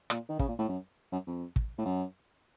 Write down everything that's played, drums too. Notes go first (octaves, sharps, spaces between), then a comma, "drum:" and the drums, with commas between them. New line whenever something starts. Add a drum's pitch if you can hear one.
A#2, drum: rim click
D#3
C#3, drum: kick
A#2
A2
F#2
F#2
F2
drum: kick
A2
F#2